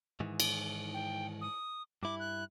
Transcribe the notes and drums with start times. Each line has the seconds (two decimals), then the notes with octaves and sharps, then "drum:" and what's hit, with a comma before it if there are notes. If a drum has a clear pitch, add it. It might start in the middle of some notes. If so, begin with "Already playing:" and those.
0.20 G#2 D#3 E3
0.40 drum: cymbal
0.94 G5
1.41 D#6
2.03 G2 E4 D6
2.20 F#6